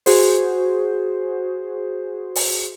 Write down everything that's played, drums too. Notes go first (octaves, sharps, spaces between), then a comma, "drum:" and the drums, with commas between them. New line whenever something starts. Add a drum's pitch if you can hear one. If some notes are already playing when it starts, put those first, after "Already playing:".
F#4 G#4 C5, drum: open hi-hat
drum: open hi-hat